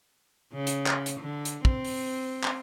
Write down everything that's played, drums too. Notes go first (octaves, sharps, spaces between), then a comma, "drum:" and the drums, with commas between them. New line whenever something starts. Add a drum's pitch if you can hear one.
C#3
drum: hi-hat
drum: clap
drum: hi-hat
D3
drum: hi-hat
C4, drum: kick
drum: open hi-hat
drum: clap